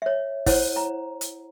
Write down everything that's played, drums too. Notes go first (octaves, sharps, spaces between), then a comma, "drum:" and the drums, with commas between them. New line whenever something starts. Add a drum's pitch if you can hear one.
C#5 E5
E4 C5 C#5 F#5, drum: kick, open hi-hat
A#5
drum: hi-hat